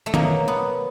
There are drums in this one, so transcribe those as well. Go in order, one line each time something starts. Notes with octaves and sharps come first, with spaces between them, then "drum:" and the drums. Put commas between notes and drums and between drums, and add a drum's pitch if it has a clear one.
A3
B2 F#3 A#3, drum: tom
B3